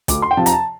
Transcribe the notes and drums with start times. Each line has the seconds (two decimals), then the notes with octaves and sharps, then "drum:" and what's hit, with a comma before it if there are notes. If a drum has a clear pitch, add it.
0.08 D2 D6, drum: kick, hi-hat
0.22 C6
0.31 G5
0.37 C3 F3 A5
0.46 A#5, drum: hi-hat
0.52 A5